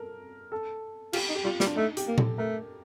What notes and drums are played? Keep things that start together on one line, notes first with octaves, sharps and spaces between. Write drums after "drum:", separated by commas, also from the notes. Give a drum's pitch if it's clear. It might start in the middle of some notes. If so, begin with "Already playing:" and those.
Already playing: A4 A#4
A4
F4 G4, drum: cymbal
D#4
G4
G3 F4
G3, drum: snare
D4
A3 D#4
G4, drum: hi-hat
A#3
A4, drum: tom A#2
A3 A#4